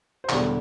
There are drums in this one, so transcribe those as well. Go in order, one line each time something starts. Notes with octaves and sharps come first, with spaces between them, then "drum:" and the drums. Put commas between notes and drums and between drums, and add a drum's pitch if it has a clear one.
C5
E1 E2 D3 G3 D5, drum: clap